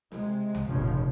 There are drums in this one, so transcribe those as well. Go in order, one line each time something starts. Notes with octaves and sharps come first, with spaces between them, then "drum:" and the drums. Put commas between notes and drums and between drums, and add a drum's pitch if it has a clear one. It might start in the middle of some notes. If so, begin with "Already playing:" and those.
C3 G#3, drum: snare
drum: tom B1
F1 A#1 D#2 C#3 F3